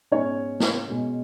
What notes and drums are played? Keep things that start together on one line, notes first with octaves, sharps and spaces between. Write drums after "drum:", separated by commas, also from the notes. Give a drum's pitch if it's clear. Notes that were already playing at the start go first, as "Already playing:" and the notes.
G#2 G#3 B3 C#4 C#5
drum: snare
B2 G#3 B3